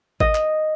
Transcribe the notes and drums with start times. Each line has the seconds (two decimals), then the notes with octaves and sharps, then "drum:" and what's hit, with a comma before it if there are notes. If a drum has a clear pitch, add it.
0.20 D#5, drum: kick G#1
0.35 drum: clap